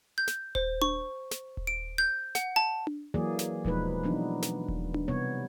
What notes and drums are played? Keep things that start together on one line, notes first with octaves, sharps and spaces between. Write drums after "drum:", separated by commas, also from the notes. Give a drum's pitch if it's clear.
G6
drum: snare
C5, drum: kick D#1
C#6, drum: tom D4
drum: snare
drum: kick D#1
D7
G6
F#5, drum: snare
A5
drum: tom D4
E3 F#3 A#3 G#4 D5
drum: snare
B2 F3 G#3 D#4 B4, drum: kick D#1
E3 F#3 B3 D4 D#4
drum: snare
drum: kick D#1
drum: tom D4
C3 G3 B3 C#5